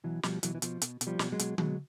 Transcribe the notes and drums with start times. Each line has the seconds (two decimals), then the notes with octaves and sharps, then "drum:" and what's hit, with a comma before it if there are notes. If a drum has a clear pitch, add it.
0.04 B2 E3 F#3
0.23 B2 F3 G3, drum: snare
0.43 B2 E3 F#3, drum: hi-hat
0.55 E3
0.62 B2 F3, drum: hi-hat
0.82 B2, drum: hi-hat
1.01 B2, drum: hi-hat
1.07 F3 G3
1.19 B2, drum: snare
1.32 F#3 G#3
1.39 B2, drum: hi-hat
1.58 B2 F#3 G#3, drum: tom D3